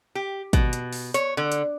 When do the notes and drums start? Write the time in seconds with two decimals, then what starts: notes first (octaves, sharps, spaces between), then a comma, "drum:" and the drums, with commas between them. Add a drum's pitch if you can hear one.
0.15 G4
0.53 B2, drum: kick, hi-hat
0.73 drum: hi-hat
0.93 drum: open hi-hat
1.14 C#5, drum: hi-hat
1.37 D3
1.52 drum: hi-hat